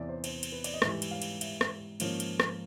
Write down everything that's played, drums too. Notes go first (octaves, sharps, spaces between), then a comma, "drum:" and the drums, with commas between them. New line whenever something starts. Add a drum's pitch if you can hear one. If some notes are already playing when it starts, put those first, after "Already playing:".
Already playing: E2 C3 E3 D5 E5
C5
C5, drum: cymbal
drum: cymbal
B4
D5, drum: cymbal
D#5
G#2 E3 G3 E5, drum: rim click
drum: cymbal
F5
drum: cymbal
E5, drum: cymbal
drum: rim click
G#2 F3 A#3 C#4, drum: cymbal
drum: cymbal
drum: rim click